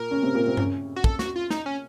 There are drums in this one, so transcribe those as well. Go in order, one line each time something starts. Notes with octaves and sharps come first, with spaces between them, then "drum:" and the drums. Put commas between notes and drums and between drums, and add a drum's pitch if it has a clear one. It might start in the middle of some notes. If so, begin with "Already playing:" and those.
Already playing: A#2 A#4
C#3 C#4
C3 C4
A#2 A#3
C3 C4
C#3 C#4, drum: tom G2
F#4
A4, drum: kick
F#4, drum: snare
F4
D#4, drum: snare
C#4